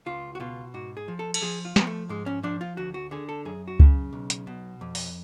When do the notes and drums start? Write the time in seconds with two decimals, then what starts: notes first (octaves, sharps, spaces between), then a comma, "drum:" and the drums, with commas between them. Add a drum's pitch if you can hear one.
0.06 C#2 F4
0.35 F#4
0.40 B2 F4
0.74 G#2 F#4
0.97 G#4
1.08 F3
1.19 A4
1.34 A4, drum: cymbal
1.42 F3 G#4
1.65 F4
1.76 F3 B3, drum: snare
1.87 A3
2.09 G#2 G#3
2.26 C#4
2.43 F3 D4
2.61 F4
2.77 D2 F#4
2.94 F#4
3.11 D3 G#4
3.29 A4
3.45 F#2 G#4
3.68 F#4
3.79 C#3, drum: kick C#2
4.13 B1
4.30 drum: hi-hat
4.47 B2
4.81 F2
4.95 drum: open hi-hat